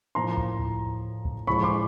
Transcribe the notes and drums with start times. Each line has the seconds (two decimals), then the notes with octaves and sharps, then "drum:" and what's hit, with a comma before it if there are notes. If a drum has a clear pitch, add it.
0.15 A2 F3 A#3 A#5 C6
0.38 drum: kick
0.59 drum: kick
1.25 drum: kick
1.47 A2 F3 G#3 B5 C#6
1.63 C6 D6